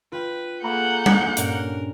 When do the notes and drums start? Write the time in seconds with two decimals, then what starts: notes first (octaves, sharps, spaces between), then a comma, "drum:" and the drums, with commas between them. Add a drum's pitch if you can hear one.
0.12 F4 B4 G5 D7
0.64 A#3 G#4 A4 F#5 A#5 B5 C#6 G6
1.06 drum: tom G3
1.37 G2 A#2 C#4 A#4, drum: hi-hat